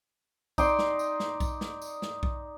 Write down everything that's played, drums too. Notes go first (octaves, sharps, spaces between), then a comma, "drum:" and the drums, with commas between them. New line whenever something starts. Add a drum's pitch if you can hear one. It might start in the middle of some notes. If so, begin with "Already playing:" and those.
D#4 D5 G5 C6, drum: kick B1, tambourine
drum: snare
drum: tambourine
drum: snare
drum: kick B1, tambourine
drum: snare
drum: tambourine
drum: snare
drum: kick B1